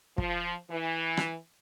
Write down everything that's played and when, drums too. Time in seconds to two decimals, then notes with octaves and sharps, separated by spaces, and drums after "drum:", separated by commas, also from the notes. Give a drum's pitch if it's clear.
0.18 F3, drum: kick
0.70 E3
1.17 drum: rim click